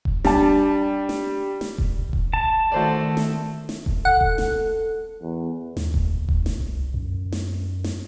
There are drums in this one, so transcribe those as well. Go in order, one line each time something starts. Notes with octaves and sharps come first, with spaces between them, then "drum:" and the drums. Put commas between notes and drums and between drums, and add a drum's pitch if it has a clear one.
drum: kick E1
G3 D4 A5, drum: snare
drum: snare
drum: snare
drum: kick E1
drum: kick E1
A5
D#3 A3 F#4 C5 D5
drum: snare
drum: snare
drum: kick E1
A4 F#5
drum: kick E1
drum: snare
E2
D#2, drum: snare
drum: kick E1
drum: kick E1
drum: snare
C2
F#2
drum: snare
drum: snare